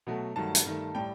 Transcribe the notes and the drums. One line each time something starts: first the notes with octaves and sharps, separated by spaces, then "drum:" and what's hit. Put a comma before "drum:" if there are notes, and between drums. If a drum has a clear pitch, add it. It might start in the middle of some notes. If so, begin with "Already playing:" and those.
B2 F#3 A3
G2 D#3 F#3 A3 A5
drum: hi-hat
G2 D#3 A3
A2 G3 G5